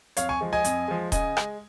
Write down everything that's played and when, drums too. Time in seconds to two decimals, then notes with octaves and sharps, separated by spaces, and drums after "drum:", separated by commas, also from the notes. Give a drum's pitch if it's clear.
0.17 F2 C#5 F5, drum: hi-hat
0.29 G#5 C#6
0.41 F3 G#3
0.53 D#5 G#5
0.64 F2, drum: hi-hat
0.88 F3 G#3
1.12 C#3 D#5 G#5, drum: kick D#1, hi-hat
1.37 G#3, drum: rim click